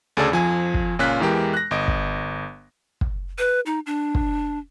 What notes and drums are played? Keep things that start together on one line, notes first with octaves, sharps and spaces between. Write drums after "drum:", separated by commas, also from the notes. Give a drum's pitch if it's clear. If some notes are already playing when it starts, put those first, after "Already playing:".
D2 C#3 G#4 A4 D5 E6
F2 F3 G#5
drum: kick
C#2 A#2 C#4 F4 F#6 B6
E2 E3 G#3 G4 A#4
F#6 A#6
G1 D#5 D7
drum: kick
drum: kick
B4
D#4
D4
drum: kick